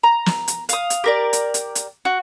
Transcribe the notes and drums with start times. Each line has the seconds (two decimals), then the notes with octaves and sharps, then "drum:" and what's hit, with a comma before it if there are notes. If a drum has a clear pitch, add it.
0.03 A#5
0.26 drum: snare
0.48 drum: hi-hat
0.69 F5 D#6, drum: hi-hat
0.90 drum: hi-hat
1.04 G4 A#4 D5
1.33 drum: hi-hat
1.54 drum: hi-hat
1.75 drum: hi-hat
2.05 F#4